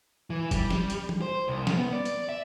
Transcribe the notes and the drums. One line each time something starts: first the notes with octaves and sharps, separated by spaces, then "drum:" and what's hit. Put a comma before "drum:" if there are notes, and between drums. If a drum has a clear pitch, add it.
E3
G3, drum: kick, hi-hat
drum: snare
drum: hi-hat
drum: tom E3
C5
C2
drum: snare
B3
D5
drum: hi-hat
E5